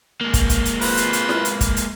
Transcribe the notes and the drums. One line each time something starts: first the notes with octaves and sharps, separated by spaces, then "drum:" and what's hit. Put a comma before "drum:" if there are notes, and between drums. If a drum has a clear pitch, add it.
G#3 A#3
drum: kick, hi-hat
drum: kick, hi-hat
drum: hi-hat
F4 B4 C5, drum: open hi-hat
drum: hi-hat
drum: hi-hat
drum: snare E4
drum: hi-hat
drum: kick, hi-hat
drum: hi-hat